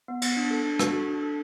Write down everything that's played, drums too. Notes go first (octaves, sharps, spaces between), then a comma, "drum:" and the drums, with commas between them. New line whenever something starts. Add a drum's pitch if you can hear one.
B3
B3, drum: cymbal
D4
A4
D4
F#4, drum: rim click
A4
D4
A4